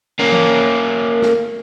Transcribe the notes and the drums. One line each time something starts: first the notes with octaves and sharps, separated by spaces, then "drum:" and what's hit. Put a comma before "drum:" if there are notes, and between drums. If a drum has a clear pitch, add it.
A#3 C#4
drum: tom E3
drum: snare